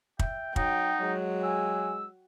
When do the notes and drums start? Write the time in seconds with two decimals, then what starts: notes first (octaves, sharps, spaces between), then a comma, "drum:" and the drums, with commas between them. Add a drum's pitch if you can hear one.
0.19 E5 G5, drum: kick
0.56 F#3 D#4 F#5 G5, drum: kick
1.02 F#3 G#3
1.43 G#5 E6